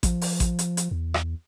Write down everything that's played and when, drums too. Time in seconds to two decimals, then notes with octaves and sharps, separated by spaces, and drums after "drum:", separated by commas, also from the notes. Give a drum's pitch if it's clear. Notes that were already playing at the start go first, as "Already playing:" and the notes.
0.03 F3, drum: kick A1, hi-hat
0.21 drum: open hi-hat
0.40 drum: kick A1, hi-hat
0.59 drum: hi-hat
0.77 drum: hi-hat
0.91 E2
1.14 drum: rim click